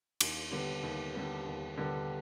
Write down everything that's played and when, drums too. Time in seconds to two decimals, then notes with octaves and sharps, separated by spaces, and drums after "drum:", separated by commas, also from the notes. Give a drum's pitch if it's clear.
0.20 D#2, drum: cymbal
0.51 D3 G3 B3
0.83 D#2
1.15 D3 G3 B3
1.46 D#2
1.77 D3 G3 B3